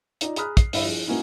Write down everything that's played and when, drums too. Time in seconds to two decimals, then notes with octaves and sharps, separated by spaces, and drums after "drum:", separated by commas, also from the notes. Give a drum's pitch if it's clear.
0.21 D#4 F4 D5 D#5, drum: hi-hat
0.36 G#4 A#5 B5 D#6 F6 F#6, drum: hi-hat
0.57 C7, drum: kick, hi-hat
0.73 G1 E4 E5 F5 B5, drum: open hi-hat
0.85 F3 E4 G#4
1.08 F#3 A#3 B3 C#4 D#4 E4